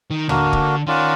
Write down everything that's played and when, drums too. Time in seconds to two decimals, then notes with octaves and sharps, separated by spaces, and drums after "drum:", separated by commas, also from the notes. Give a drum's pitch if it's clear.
0.11 D#3
0.29 D3 A#3 D4 F#4 A#4, drum: tom
0.53 drum: kick
0.87 D#3 C#4 F4 A#4 D5 F#5